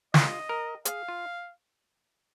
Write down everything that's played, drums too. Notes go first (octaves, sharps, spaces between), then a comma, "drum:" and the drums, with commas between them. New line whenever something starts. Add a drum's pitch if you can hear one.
F4 D#5, drum: snare
A#4
G#4 F5, drum: hi-hat
F4